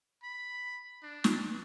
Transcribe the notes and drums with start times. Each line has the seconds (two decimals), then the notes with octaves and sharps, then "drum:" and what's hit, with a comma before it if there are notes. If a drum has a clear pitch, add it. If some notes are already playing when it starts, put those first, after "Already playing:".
0.23 B5
1.03 D4
1.24 drum: snare